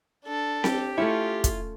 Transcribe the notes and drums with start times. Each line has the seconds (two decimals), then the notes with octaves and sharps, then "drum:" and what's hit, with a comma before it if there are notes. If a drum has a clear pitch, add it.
0.25 D4 A4
0.64 G4, drum: snare C4
0.98 A3 C#4 E4 F4 C#5
1.44 drum: kick, hi-hat